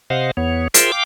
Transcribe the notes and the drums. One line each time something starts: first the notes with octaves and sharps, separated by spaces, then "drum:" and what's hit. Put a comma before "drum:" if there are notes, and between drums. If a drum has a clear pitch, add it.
C3 C5 D#5 F5 F#5
E2 B3 C#5
F4 G#4 A#4 C5 E5 G5, drum: hi-hat
F5 G5 D6